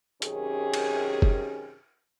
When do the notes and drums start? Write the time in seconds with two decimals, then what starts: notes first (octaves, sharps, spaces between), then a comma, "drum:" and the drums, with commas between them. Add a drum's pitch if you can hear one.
0.22 F#2 C3 D#3 C#4 G4 G#4, drum: hi-hat
0.74 drum: cymbal
1.22 drum: kick F#1